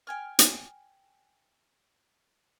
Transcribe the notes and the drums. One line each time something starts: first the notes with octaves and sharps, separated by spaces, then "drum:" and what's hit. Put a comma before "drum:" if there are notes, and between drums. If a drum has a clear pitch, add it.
G5 G#5 F6
drum: hi-hat